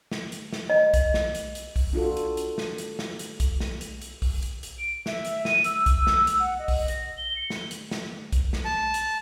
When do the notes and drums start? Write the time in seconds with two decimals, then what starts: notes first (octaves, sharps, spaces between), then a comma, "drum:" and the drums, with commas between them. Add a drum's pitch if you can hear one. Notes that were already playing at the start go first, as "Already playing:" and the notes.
0.12 drum: snare
0.32 drum: hi-hat
0.53 drum: snare
0.70 D#5
0.94 drum: kick B1, hi-hat
1.14 drum: snare
1.35 drum: hi-hat
1.55 drum: hi-hat
1.76 drum: kick B1, open hi-hat
1.93 D4 F4 F#4 A4
2.17 drum: hi-hat
2.37 drum: hi-hat
2.58 drum: snare
2.78 drum: hi-hat
2.99 drum: snare
3.19 drum: hi-hat
3.40 drum: kick B1, hi-hat
3.60 drum: snare
3.81 drum: hi-hat
4.01 drum: hi-hat
4.22 drum: kick B1, open hi-hat
4.43 drum: hi-hat
4.63 drum: hi-hat
4.79 D7
5.06 E5, drum: snare
5.25 drum: hi-hat
5.45 D#7, drum: snare
5.64 E6, drum: hi-hat
5.86 drum: kick B1, hi-hat
6.07 drum: snare
6.27 drum: hi-hat
6.39 F#5
6.59 D#5
6.68 drum: kick B1, open hi-hat
6.88 A#6, drum: hi-hat
7.17 G7
7.36 C#7
7.50 drum: snare
7.71 drum: hi-hat
7.91 drum: snare
8.32 drum: kick B1, hi-hat
8.53 drum: snare
8.65 A5
8.94 drum: hi-hat